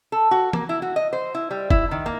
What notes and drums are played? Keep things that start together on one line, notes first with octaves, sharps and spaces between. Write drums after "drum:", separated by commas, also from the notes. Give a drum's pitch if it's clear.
A4
F#4
A#3, drum: tom E3
E4
F#4
D#5
C5
E4
G3
E4, drum: kick F#1
D#3
A#3